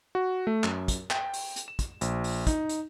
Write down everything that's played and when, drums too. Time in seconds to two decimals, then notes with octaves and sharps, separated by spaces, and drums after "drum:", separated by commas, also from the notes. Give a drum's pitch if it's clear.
0.15 F#4
0.47 A3
0.64 F#2, drum: clap
0.88 drum: kick, hi-hat
1.11 G5, drum: clap
1.34 drum: open hi-hat
1.56 drum: hi-hat
1.68 E7
1.79 drum: kick, hi-hat
2.01 A#1, drum: hi-hat
2.24 drum: open hi-hat
2.47 D#4, drum: kick, hi-hat
2.69 drum: hi-hat